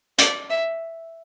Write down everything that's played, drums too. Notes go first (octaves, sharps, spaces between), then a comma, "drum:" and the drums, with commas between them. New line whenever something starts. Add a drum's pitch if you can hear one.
D5, drum: hi-hat
E5